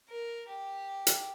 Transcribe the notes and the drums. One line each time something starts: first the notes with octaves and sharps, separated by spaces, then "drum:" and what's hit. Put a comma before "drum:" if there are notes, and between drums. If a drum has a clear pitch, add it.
A#4
G4
drum: hi-hat